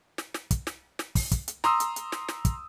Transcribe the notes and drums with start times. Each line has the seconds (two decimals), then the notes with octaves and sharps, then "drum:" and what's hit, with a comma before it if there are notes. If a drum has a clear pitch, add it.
0.18 drum: snare
0.34 drum: snare
0.51 drum: kick, hi-hat
0.67 drum: snare
0.99 drum: snare
1.15 drum: kick, open hi-hat
1.31 drum: kick, hi-hat
1.48 drum: hi-hat
1.64 A#5 C6 D#6 E6, drum: snare
1.80 drum: hi-hat
1.96 drum: hi-hat
2.12 drum: snare
2.29 drum: snare
2.45 drum: kick, hi-hat